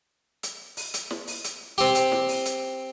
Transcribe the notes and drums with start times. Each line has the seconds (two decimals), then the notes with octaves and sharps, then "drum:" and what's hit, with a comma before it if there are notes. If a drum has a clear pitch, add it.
0.43 drum: hi-hat
0.77 drum: open hi-hat
0.94 drum: hi-hat
1.11 drum: snare
1.27 drum: open hi-hat
1.44 drum: hi-hat
1.78 C4 G4, drum: open hi-hat
1.95 drum: hi-hat
2.12 drum: snare
2.29 drum: open hi-hat
2.45 drum: hi-hat